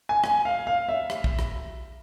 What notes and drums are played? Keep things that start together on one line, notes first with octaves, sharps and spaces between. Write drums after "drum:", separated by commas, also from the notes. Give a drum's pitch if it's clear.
G#5
G#5, drum: rim click
F5
F5
E5
drum: rim click
drum: kick
drum: rim click